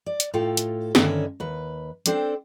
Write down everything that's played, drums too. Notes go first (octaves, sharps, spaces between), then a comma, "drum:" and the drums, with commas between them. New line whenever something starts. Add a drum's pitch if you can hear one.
D5
drum: hi-hat
A2 F4 A4 G5
drum: hi-hat
G2 D3 D#3 C#4 C5 E5, drum: snare
D#2 B4
C4 D4 A4 C5 G5, drum: hi-hat